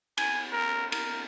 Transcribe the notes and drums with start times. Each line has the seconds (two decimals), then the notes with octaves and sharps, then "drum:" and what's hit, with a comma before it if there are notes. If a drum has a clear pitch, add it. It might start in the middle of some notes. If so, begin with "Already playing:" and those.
0.17 G#5, drum: cymbal
0.52 A#4
0.92 A#4, drum: cymbal